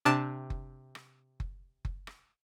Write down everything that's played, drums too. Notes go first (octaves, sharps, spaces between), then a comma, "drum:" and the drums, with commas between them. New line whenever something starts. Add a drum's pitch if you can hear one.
C3 D4 A5
drum: kick F#1
drum: rim click
drum: kick F#1
drum: kick F#1
drum: rim click